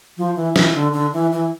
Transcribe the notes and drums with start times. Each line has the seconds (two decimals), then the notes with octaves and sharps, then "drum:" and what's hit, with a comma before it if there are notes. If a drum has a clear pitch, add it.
0.18 F3
0.36 E3
0.56 E3, drum: snare
0.74 D3
0.93 D3
1.13 E3
1.32 E3